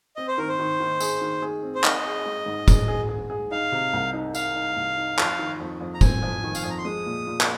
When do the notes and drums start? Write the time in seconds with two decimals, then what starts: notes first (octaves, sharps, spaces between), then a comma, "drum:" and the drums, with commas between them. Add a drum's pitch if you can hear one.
0.16 C4 D#5
0.28 C5
0.38 D#3 A#4
0.49 C5
0.59 D#3
0.80 D#3
1.00 G#4, drum: tambourine
1.21 D#3
1.42 G#4
1.63 C4
1.75 C5
1.84 D#4 D#5, drum: clap
2.05 G#4
2.26 G#3
2.46 G#2
2.68 G#4, drum: kick, tambourine
2.88 G#4
3.09 G#4
3.30 G#4
3.51 D#4 F5
3.72 C3
3.93 C2
4.13 D#4
4.35 D#4 F5, drum: tambourine
4.55 D#4
4.76 C2
4.97 D#4
5.19 F2, drum: clap
5.39 D#3
5.60 F2
5.81 F2
5.94 A#5
6.01 C4 G#5, drum: kick, tambourine
6.23 F2
6.44 D#3
6.55 F5, drum: tambourine
6.62 F2 G#5
6.70 A#5
6.78 C6
6.85 G#3 D#6
7.06 A#2
7.27 A#2
7.41 drum: clap